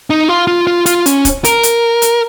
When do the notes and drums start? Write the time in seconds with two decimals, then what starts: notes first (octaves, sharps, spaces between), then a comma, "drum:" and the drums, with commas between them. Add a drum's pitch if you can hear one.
0.10 D#4
0.28 F4
0.47 F4
0.67 F4
0.86 F4, drum: hi-hat
1.06 C#4, drum: hi-hat
1.25 drum: kick, hi-hat
1.44 A#4, drum: hi-hat
1.63 drum: hi-hat
2.02 drum: hi-hat